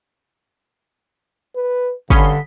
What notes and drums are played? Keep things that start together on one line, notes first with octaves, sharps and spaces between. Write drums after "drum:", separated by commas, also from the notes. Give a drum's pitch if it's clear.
B4
G2 D3 C#4 B5 C6 D#6 B6, drum: kick